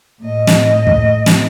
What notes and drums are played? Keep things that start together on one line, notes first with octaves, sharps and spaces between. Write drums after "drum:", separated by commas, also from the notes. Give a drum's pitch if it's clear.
A2 D#5
drum: snare
drum: kick
drum: snare